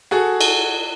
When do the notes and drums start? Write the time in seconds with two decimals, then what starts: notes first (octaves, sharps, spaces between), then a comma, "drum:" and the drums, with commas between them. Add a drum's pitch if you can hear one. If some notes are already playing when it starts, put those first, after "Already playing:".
0.11 F#4 G#4 A4
0.41 drum: cymbal